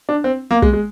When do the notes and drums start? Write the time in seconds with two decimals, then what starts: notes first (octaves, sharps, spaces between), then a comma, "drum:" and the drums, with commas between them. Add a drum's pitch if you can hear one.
0.09 D4
0.24 C4
0.51 A#3
0.62 G#3, drum: kick
0.73 G#3